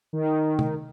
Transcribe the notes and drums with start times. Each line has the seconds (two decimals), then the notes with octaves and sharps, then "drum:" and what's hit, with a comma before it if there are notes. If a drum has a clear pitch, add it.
0.13 D#3
0.59 drum: tom